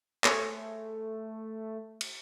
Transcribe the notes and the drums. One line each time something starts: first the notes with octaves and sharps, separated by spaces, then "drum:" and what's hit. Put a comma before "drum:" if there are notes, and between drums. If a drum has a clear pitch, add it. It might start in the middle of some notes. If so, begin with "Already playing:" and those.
A3 G#4 C5 C#5, drum: clap
drum: cymbal